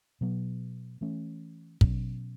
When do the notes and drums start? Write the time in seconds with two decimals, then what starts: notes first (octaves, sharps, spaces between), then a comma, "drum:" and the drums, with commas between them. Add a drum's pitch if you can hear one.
0.21 B2 F#3 B3
1.01 E3 A3 C#4
1.81 B2 F#3 C#4, drum: kick